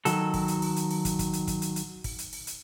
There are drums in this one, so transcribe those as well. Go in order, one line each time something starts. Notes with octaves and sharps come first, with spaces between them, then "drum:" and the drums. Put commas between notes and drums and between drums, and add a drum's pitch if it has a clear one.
D#3 F#3 A4, drum: hi-hat
drum: kick, open hi-hat
drum: hi-hat
drum: open hi-hat
drum: hi-hat
drum: open hi-hat
drum: kick, hi-hat
drum: kick, hi-hat
drum: hi-hat
drum: kick, hi-hat
drum: hi-hat
drum: hi-hat
drum: kick, open hi-hat
drum: hi-hat
drum: open hi-hat
drum: hi-hat